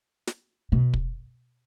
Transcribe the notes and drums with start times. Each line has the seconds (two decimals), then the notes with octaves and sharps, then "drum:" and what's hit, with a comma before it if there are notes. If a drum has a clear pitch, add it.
0.27 drum: snare
0.72 B2
0.94 drum: kick